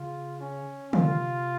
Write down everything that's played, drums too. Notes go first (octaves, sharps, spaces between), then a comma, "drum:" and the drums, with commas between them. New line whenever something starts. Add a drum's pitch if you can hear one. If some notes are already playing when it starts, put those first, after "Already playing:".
Already playing: C#3 F4
C#4
C3 F4, drum: tom D3